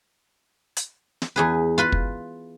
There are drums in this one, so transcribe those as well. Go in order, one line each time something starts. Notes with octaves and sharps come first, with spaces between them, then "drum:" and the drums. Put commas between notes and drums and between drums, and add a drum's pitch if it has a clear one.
drum: hi-hat
drum: snare
E2 G#4 B4
F4 B4 B5
drum: kick